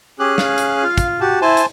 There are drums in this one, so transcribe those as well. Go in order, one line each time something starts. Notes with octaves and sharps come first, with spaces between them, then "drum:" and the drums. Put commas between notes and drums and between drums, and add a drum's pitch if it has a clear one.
C#4 G4 G#4 F#6
F5, drum: snare
drum: hi-hat
F4
drum: kick, hi-hat
F#4 G4 A5
E4 C5 G#5 A5
drum: hi-hat